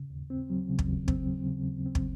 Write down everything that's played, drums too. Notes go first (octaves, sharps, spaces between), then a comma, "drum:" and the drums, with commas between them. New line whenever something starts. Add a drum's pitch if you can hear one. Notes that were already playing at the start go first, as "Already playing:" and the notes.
Already playing: C#3
D#2
C4
F#3
C#3
drum: kick
D#2
C4, drum: kick
F#3
C#3
D#2
C4
drum: kick